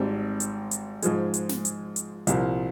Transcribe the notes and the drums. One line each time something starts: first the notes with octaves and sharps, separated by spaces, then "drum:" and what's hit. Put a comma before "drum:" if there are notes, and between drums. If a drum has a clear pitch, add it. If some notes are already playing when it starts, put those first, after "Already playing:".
Already playing: G#1 G#2 G3 C4
drum: hi-hat
drum: hi-hat
G#2 F3 G#3, drum: hi-hat
drum: hi-hat
drum: snare
drum: hi-hat
drum: hi-hat
C2 A#2 F3, drum: hi-hat